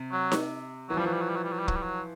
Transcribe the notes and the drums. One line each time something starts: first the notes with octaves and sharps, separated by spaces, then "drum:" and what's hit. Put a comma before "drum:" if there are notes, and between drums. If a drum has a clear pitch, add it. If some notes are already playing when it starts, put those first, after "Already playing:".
Already playing: C3
F#3
drum: snare D#4
E3 F#3
F3 G3
E3 F#3
G3
F#3
G3
F#3
G3
F#3
G3
F#3, drum: kick
G3
F#3